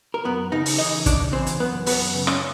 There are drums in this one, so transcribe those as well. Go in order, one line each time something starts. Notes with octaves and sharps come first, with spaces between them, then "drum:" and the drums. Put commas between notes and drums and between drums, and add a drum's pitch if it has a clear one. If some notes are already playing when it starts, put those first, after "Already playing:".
A#4
F#2 B3 B4
C#3 D#4 D#5
drum: open hi-hat
E3 D#4 D#5
C#3 D4 D5, drum: kick, hi-hat
E3 C4 C5
drum: hi-hat
F#2 B3 B4
F#2 B3 B4, drum: open hi-hat
C#3
C#4 C#5, drum: rim click